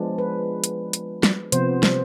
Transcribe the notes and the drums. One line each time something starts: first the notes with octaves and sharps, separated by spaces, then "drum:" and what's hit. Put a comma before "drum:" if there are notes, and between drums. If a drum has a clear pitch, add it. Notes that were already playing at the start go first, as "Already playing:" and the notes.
Already playing: F3 G#3 B3 D4
B4
drum: hi-hat
drum: hi-hat
drum: snare
C3 F3 B3 C5, drum: hi-hat
drum: snare